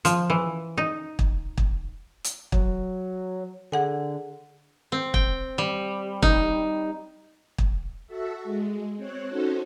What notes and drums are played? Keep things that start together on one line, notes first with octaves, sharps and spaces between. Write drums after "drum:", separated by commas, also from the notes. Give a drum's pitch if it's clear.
F3, drum: hi-hat
E3
D#4
drum: kick
drum: kick
drum: hi-hat
F#3, drum: kick
D3 G#4 F#5 G#5
C4
G5, drum: kick
G3
D#4, drum: kick
drum: kick
F#4 A4 E5
G#3
C4 C#5 F#6
C#4 D#4 F#4 A4 C5